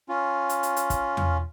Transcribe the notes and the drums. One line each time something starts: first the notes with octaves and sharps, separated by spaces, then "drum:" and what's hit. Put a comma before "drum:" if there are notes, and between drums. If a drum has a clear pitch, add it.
C#4 F4
drum: hi-hat
drum: hi-hat
drum: hi-hat
drum: kick, hi-hat
drum: tom E2